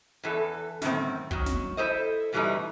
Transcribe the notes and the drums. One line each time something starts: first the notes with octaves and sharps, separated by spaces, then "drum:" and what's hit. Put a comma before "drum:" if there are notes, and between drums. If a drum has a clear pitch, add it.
E2 E3 A4
F#2 A2 D#3 C4, drum: snare
D#3 F#3, drum: kick
drum: snare
E4 A4 C5 D#5
G2 B2 E3 G3 A3 D#4